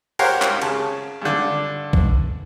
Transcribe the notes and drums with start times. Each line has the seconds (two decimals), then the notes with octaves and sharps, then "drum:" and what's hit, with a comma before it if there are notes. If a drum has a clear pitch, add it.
0.19 G4 A#4 C5 C#5 F5 F#5, drum: open hi-hat
0.42 drum: clap
0.62 C#3 A5, drum: cymbal
1.22 G2 D3
1.93 drum: kick